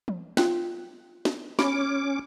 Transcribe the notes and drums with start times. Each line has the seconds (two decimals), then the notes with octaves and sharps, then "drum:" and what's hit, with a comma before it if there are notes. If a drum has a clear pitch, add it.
0.08 drum: tom
0.37 F4 G5 F#6, drum: snare
1.25 drum: snare
1.59 C#4 B5 D6, drum: snare